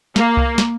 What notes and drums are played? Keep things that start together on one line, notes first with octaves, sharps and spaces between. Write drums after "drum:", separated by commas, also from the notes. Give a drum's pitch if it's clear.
A#3, drum: snare
drum: kick C2
drum: snare